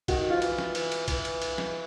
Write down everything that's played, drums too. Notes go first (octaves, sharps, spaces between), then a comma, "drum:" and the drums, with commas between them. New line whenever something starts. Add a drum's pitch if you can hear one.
D#3 F#4, drum: kick A#1, cymbal
F4
F3
E3, drum: cymbal
drum: snare
E3, drum: cymbal
drum: cymbal
E3, drum: kick A#1, cymbal
drum: cymbal
drum: cymbal
drum: snare